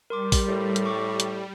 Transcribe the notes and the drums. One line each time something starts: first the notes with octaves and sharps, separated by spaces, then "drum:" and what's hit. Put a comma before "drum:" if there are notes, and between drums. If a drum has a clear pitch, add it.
G3 A#4 C6 D6
drum: kick, open hi-hat
A2
drum: hi-hat
C#6 D6
drum: hi-hat